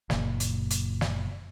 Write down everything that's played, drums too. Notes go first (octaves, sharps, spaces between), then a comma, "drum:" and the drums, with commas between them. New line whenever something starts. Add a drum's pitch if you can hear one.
F#1 A#2, drum: snare
drum: hi-hat
drum: hi-hat
drum: snare